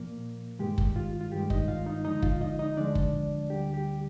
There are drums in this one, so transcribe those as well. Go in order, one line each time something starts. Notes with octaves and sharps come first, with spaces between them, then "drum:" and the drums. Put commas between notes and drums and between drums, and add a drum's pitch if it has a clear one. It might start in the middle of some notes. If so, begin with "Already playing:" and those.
Already playing: A#2 F3 A#3 A#4
G2 D#3 G#3 G4
drum: kick
F4
F4
G2 D#3 G#3 G4
D#4 D#5, drum: kick
F4 F5
D#4 D#5
D#2 D3 F3 G#3 D#4 D#5
F4 F5, drum: kick
D#4 D#5
D#4 D#5
D#2 D3 F3 G#3 D4 D5
drum: kick
D2 D3 G3 G4
G4